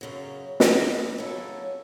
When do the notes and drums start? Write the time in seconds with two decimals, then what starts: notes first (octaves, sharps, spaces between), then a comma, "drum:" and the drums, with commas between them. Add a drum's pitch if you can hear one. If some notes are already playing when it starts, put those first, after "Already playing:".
0.01 F#2 C#3 F#3
0.60 drum: snare
1.18 C#3 F#3 C#4 E4 A4